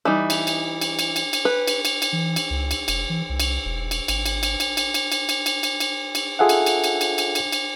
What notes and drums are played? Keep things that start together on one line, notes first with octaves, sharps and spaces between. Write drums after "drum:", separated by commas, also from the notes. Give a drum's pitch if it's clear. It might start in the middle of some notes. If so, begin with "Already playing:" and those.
E3 G3 D#4
drum: cymbal
drum: cymbal
drum: cymbal
drum: cymbal
drum: cymbal
drum: cymbal
B4
drum: cymbal
drum: cymbal
drum: cymbal
E3
drum: cymbal
C#2
drum: cymbal
F1, drum: cymbal
E3
C2
drum: cymbal
E1
drum: cymbal
G#1, drum: cymbal
drum: cymbal
drum: cymbal
drum: cymbal
drum: cymbal
drum: cymbal
drum: cymbal
drum: cymbal
drum: cymbal
drum: cymbal
drum: cymbal
drum: cymbal
F4 G#4 A4 E5 F#5
drum: cymbal
drum: cymbal
drum: cymbal
drum: cymbal
drum: cymbal
drum: cymbal
drum: cymbal